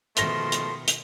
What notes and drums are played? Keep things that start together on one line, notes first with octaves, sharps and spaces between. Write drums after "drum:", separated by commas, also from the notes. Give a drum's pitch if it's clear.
B2 D#3 F3 G#3 A3 C6 A#6 G7, drum: hi-hat
drum: hi-hat
drum: hi-hat